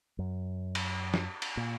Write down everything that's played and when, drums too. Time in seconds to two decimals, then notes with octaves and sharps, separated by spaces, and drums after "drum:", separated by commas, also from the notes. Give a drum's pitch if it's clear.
0.19 F#2
0.75 drum: cymbal
1.14 drum: snare
1.42 drum: cymbal
1.57 A#2